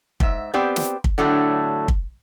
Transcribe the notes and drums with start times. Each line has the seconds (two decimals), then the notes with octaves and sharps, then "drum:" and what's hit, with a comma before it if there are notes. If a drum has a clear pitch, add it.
0.20 G#2 E5, drum: kick
0.54 B3 C4 G4 D5
0.76 drum: snare
1.04 drum: kick
1.18 A2 D3 F#3 A3
1.88 drum: kick